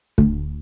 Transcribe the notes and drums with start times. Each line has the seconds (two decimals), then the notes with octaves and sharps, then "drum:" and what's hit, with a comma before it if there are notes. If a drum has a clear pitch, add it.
0.18 D2, drum: kick